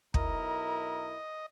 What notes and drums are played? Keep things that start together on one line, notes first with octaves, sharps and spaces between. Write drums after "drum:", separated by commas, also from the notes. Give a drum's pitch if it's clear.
B1 E4 A#4 D#5 A#5, drum: kick